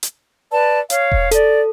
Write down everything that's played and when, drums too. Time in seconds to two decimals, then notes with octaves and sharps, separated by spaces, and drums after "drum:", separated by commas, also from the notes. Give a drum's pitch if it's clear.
0.03 drum: hi-hat
0.51 B4 D5 A5
0.90 C#5 F5, drum: hi-hat
1.12 drum: kick E1
1.31 A4 D5, drum: hi-hat